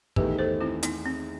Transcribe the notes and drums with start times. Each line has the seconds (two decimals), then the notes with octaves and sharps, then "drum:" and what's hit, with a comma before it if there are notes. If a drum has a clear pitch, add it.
0.16 E2 D#3 A3 G4 B4, drum: kick
0.39 A4 C5
0.61 C4 E4
0.83 B3 D#4, drum: hi-hat
1.05 C4